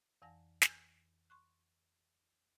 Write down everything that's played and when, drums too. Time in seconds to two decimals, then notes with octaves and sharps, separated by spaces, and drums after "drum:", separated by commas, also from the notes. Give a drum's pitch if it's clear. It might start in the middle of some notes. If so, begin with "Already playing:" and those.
0.22 F2 E3 F#5 G#5 A5 A#6
0.62 G#5 E6, drum: snare
1.30 C6 C#6 F#6